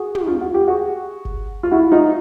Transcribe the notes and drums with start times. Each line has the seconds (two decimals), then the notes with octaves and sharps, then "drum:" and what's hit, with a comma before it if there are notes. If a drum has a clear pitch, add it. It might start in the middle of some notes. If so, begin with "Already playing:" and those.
Already playing: F#4 G#4
0.15 drum: tom
0.28 F4
0.41 F#4
0.54 G4
0.68 F#4 G#4
1.25 drum: kick F#1
1.63 F4
1.71 E4 F#4
1.92 D#4 F4